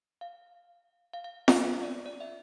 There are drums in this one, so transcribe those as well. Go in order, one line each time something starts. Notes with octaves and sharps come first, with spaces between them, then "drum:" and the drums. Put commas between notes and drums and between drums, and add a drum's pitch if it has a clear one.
F5
F5
F5
E5, drum: snare
E5
D5
D5
E5